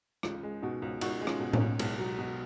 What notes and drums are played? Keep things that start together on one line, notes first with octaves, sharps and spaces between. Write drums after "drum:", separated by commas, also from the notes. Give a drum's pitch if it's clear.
C#2 C#4 F4, drum: rim click
G#3
B2 D#4 F#4
C#2
C#2 D#4 F#4, drum: cymbal
G#3
C#4 F4, drum: rim click
B2
A#3 C#4, drum: tom A2
C#2
B1 G#3 B3, drum: cymbal
F#3
B2